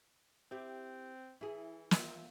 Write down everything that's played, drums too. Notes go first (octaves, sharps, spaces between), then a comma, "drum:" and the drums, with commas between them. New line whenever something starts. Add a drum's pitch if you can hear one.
C4 E4 G4
E3 E4 G#4
F4 E5, drum: snare